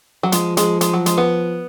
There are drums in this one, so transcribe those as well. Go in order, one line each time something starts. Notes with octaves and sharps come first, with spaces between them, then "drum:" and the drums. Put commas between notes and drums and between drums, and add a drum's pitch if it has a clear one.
F#3
F3 G#3, drum: hi-hat
G#3, drum: hi-hat
G#3, drum: hi-hat
F#3
G#3, drum: hi-hat
B3